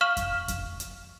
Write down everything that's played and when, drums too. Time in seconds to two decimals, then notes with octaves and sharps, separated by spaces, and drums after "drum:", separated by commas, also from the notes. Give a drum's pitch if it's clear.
0.01 F5 C#6 F6 E7 F#7
0.17 drum: kick F2, hi-hat
0.48 drum: kick F2, hi-hat
0.80 drum: hi-hat